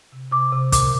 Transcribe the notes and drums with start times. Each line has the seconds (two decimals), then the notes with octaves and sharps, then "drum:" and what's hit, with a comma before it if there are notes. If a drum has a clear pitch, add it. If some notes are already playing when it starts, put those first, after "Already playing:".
0.12 C3
0.32 C3 D6
0.52 C3
0.72 A#2 D6, drum: kick, hi-hat